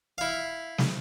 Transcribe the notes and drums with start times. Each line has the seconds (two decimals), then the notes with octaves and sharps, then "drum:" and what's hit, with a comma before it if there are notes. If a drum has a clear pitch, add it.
0.18 E4 F5
0.78 drum: snare